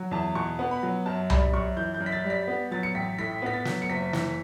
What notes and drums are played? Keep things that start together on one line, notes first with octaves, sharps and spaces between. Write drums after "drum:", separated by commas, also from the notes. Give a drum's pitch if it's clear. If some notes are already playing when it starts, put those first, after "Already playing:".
Already playing: F#3
E2 A5
B2 C#6
B3
B5
F#3
F#2 A5
G3 B5, drum: tom C2
F#2 C#6
E3 G6
G6
F#2
B6
A6
G3
B6
B3
F#3 A6
C#7
A1 B6
A2 B6
B3 B6
A6
F#3, drum: snare
C#7
F#1 B6
E3 B6, drum: snare